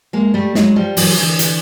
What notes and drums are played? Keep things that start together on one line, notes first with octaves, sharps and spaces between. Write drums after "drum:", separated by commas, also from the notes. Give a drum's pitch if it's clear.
G#3 A#3
G3 A3
F#3 G#3, drum: snare
F3 G3
E3 F#3, drum: open hi-hat
D3 E3
drum: hi-hat